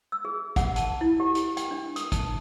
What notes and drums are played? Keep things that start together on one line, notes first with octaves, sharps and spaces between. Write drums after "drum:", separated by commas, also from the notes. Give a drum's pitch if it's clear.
E6
G#4
F#5, drum: kick, hi-hat
A5, drum: hi-hat
E4
G4
drum: hi-hat
G5, drum: hi-hat
D4
D#6, drum: hi-hat
A5, drum: kick, hi-hat